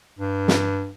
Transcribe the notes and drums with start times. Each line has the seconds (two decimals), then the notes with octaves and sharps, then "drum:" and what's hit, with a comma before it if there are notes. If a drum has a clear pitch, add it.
0.19 G2
0.48 drum: snare